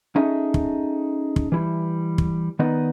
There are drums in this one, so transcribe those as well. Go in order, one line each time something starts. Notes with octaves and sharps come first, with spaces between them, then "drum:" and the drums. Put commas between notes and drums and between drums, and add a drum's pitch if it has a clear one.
C#4 D#4 G#4 A4 D#5 E5
drum: kick
drum: kick
E3 G3 E4
drum: kick
D#3 B3 D#4 B4 D5 D#5